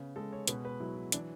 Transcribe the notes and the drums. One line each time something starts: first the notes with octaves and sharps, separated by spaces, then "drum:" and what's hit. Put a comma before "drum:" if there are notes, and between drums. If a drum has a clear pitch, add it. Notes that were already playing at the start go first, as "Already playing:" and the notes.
Already playing: C#3 B3
G#3 A4
C#5
B2 B4, drum: hi-hat
B4
F#3 E4
E4
E3 D4, drum: hi-hat